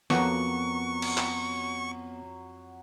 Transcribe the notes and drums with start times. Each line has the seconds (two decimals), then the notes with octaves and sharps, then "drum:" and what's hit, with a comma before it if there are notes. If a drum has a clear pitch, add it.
0.10 F2 F#3 A#3 B3 F#4 F#5 C#6, drum: snare
1.02 drum: cymbal
1.17 drum: clap